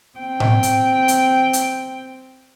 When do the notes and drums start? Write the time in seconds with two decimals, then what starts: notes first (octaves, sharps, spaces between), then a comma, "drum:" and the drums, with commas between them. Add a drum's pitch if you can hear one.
0.18 C4 G5
0.40 drum: tom A2
0.63 drum: hi-hat
1.08 drum: hi-hat
1.53 drum: hi-hat